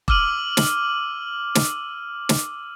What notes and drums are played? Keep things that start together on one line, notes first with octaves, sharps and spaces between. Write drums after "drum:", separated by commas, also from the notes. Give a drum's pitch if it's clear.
D6 E6 F6 D#7 F#7, drum: kick E1
drum: snare
drum: snare
drum: snare